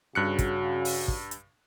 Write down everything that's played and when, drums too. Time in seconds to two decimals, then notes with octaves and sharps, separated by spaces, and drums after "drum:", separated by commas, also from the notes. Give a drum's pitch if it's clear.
0.15 G2 C#3 F#4 F#6 C#7
0.39 drum: kick, hi-hat
0.85 drum: open hi-hat
1.08 drum: kick
1.31 drum: hi-hat